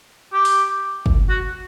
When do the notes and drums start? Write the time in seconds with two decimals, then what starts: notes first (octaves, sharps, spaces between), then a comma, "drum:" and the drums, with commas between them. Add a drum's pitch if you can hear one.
0.33 G4
0.45 drum: open hi-hat
1.06 drum: kick
1.29 F#4